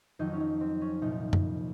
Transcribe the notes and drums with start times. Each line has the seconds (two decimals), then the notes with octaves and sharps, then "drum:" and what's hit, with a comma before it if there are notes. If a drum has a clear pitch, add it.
0.19 F2 D#3 F#3 D#4
0.33 C#4
0.40 D#4
0.61 C4
0.81 C#4
1.02 C2 A#2 F3 D#4
1.33 drum: tom F#2